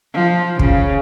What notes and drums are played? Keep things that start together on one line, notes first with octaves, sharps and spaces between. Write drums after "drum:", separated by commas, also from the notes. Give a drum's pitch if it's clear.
F3
C#3, drum: kick